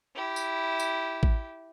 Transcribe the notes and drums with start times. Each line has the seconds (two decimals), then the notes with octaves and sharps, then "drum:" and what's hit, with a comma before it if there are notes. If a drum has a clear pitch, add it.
0.15 E4 G4
0.36 drum: tambourine
0.80 drum: tambourine
1.23 drum: kick A1